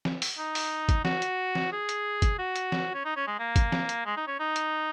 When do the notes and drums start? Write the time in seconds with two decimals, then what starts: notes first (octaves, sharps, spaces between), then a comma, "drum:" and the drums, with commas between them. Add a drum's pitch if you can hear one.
0.05 drum: snare
0.22 drum: open hi-hat
0.38 D#4
0.55 drum: open hi-hat
0.89 drum: kick, hi-hat
1.05 F#4, drum: snare
1.22 drum: hi-hat
1.55 drum: snare
1.72 G#4
1.89 drum: hi-hat
2.22 drum: kick, hi-hat
2.39 F#4
2.56 drum: hi-hat
2.72 drum: snare
2.94 C#4
3.05 D#4
3.17 C#4
3.27 G#3
3.39 A#3
3.56 drum: kick, hi-hat
3.72 drum: snare
3.89 drum: hi-hat
4.06 G#3
4.17 D#4
4.27 C#4
4.40 D#4
4.56 drum: hi-hat